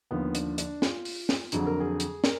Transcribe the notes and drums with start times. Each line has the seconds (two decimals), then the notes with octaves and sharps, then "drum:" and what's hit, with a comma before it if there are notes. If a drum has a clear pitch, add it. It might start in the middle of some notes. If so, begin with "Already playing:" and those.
0.11 D#2 D3 F3 B3
0.35 D4, drum: hi-hat
0.58 D4, drum: hi-hat
0.82 F4, drum: snare
1.05 drum: open hi-hat
1.29 drum: snare
1.52 F2 D3 F#3 G#4, drum: hi-hat
1.66 A#4
1.80 G#4
2.00 drum: hi-hat
2.24 A#4, drum: snare